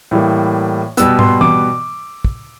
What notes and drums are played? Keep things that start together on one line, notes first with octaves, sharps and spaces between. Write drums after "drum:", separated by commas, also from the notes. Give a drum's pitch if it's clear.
A2 E3 G3 A#3
B2 G3 B3 E6, drum: hi-hat
C6, drum: tom
D6, drum: tom E3
drum: kick